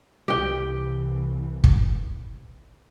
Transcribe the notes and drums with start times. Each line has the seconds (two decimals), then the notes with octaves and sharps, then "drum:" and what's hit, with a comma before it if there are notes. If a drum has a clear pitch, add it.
0.28 C2 E3 G4 G5
1.64 drum: kick